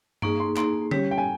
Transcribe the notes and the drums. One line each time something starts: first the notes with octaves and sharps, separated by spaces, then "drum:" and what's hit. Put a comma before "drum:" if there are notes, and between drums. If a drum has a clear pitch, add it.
A#3 D#4 G#4 C#6, drum: tom G2
C6
A#3 D#4 G#4 C6, drum: clap
G3 C#4 G4 C#5, drum: tom D3
G5
G#5